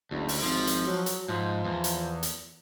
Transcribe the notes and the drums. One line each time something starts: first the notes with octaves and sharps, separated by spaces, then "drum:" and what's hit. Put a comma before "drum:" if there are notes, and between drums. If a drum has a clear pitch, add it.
F#1 D2
drum: open hi-hat
G#1 F3
drum: hi-hat
F#3
drum: hi-hat
G#2 F3
E2
drum: hi-hat
drum: hi-hat